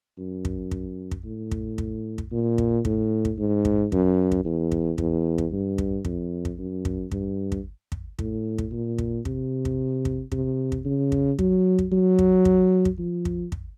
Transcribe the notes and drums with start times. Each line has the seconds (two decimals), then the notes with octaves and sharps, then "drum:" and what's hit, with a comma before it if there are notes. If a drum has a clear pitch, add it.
0.18 F#2
0.45 drum: kick
0.71 drum: kick
1.11 drum: kick
1.25 A2
1.51 drum: kick
1.78 drum: kick
2.18 drum: kick
2.32 A#2
2.58 drum: kick
2.85 A2, drum: kick
3.25 drum: kick
3.38 G#2
3.65 drum: kick
3.92 F#2, drum: kick
4.32 drum: kick
4.45 E2
4.72 drum: kick
4.98 E2, drum: kick
5.38 drum: kick
5.52 G2
5.78 drum: kick
6.05 F2, drum: kick
6.45 drum: kick
6.58 F#2
6.85 drum: kick
7.12 G2, drum: kick
7.52 drum: kick
7.92 drum: kick
8.19 A2, drum: kick
8.58 drum: kick
8.72 A#2
8.98 drum: kick
9.25 C3, drum: kick
9.65 drum: kick
10.05 drum: kick
10.32 C3, drum: kick
10.72 drum: kick
10.85 C#3
11.12 drum: kick
11.39 F#3, drum: kick
11.79 drum: kick
11.92 F#3
12.19 drum: kick
12.45 drum: kick
12.85 drum: kick
12.98 F3
13.25 drum: kick
13.52 drum: kick